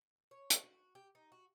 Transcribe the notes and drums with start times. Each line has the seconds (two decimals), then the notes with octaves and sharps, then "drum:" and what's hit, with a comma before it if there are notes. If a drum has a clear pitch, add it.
0.31 C#5
0.50 drum: hi-hat
0.63 F#4
0.95 G4
1.15 D#4
1.32 F#4